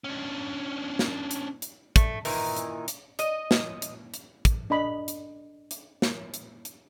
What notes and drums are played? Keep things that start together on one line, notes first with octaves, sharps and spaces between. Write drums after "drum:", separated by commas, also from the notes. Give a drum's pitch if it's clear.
C#4 D4
drum: snare
drum: hi-hat
drum: hi-hat
A3, drum: kick, hi-hat
A#2 D#3 E3, drum: open hi-hat
drum: hi-hat
drum: hi-hat
D#5, drum: hi-hat
drum: snare
drum: hi-hat
drum: hi-hat
drum: kick, hi-hat
D4 D#5 B5
drum: hi-hat
drum: hi-hat
drum: snare
drum: hi-hat
drum: hi-hat